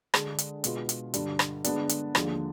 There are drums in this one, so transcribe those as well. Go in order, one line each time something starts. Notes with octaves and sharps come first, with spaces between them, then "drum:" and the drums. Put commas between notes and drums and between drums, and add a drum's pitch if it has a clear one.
D3 G#3 D4 G#4, drum: rim click
drum: hi-hat
B2 G#3 B3 F4, drum: hi-hat
drum: hi-hat
G2 D3 G3 D4, drum: hi-hat
drum: rim click
D3 G#3 B3 D4, drum: hi-hat
drum: hi-hat
D#2 D3 F3 G#3 D4, drum: rim click